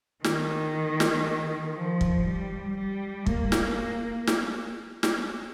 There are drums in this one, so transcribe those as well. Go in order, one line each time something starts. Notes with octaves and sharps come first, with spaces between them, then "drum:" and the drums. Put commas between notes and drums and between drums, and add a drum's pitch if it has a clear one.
D#3, drum: snare
drum: snare
F3
drum: kick
G3
G3
A#3, drum: kick
drum: snare
drum: snare
drum: snare